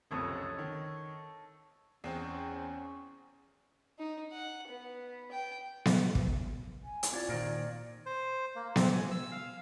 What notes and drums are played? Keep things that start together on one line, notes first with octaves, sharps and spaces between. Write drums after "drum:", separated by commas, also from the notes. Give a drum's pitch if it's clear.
F#1 C2 F2 A4 C#5 D#5
D#3
E2 C4 C#4
D#4
F#5
B3
G5
drum: snare B3
drum: kick
G#5
drum: hi-hat
C4 E4 F4 D5 D6 G#6 A6
A#2 D#3 C5 F5 A#5 F6 A#6 D7
C5
A#3
C4, drum: snare B3
G#5
E6
F5